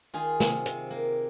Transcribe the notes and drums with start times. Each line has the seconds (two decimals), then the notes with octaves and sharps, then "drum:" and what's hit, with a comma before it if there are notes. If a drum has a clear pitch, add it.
0.14 D#3 F4 G#4
0.40 C3, drum: snare
0.66 C3, drum: hi-hat
0.90 A#3